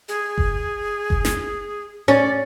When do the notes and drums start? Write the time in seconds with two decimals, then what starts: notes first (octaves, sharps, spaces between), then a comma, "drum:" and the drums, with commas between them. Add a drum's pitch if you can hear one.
0.09 G#4
0.38 drum: kick F#1
1.10 drum: kick F#1
1.25 drum: snare
2.08 C#4 D5